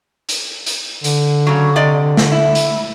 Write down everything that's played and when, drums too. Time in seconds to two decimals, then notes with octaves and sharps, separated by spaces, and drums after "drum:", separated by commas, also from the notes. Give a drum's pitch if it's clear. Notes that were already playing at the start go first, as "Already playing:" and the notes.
0.29 drum: hi-hat
0.66 drum: hi-hat
1.04 D3, drum: hi-hat
1.47 C#3 F#3
1.76 C3 D5 D#5
2.17 drum: snare
2.32 E4
2.55 drum: hi-hat